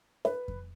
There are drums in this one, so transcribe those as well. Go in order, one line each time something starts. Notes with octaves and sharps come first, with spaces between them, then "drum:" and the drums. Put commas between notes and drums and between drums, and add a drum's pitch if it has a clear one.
B4, drum: snare
drum: kick F2